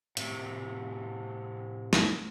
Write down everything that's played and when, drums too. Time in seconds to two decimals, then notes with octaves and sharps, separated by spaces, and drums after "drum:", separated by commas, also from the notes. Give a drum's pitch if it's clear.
0.17 A2 C3, drum: hi-hat
1.93 drum: snare